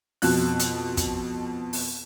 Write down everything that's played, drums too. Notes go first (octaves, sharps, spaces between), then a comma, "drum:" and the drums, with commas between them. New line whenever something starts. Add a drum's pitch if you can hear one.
F2 B2 F#6, drum: open hi-hat
drum: hi-hat
drum: kick, hi-hat
drum: open hi-hat